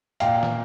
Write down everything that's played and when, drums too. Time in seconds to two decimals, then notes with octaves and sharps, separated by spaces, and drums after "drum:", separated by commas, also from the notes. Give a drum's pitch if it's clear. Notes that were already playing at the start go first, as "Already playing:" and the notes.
0.20 A#2 F5 G5, drum: hi-hat
0.43 drum: snare